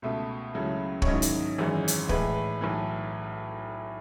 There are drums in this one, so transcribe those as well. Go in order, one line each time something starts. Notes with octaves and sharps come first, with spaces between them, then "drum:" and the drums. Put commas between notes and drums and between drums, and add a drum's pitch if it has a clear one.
C#2 B2 A3 E5
C#2 C#3 F#3 A3 E4
C#5, drum: kick
G#2 D#3 F#3 C#4 E4 D#5
drum: hi-hat
G#1 F#2 E3 G#3
drum: hi-hat
A2 E3 G#3 B4, drum: kick
B1 A2 E3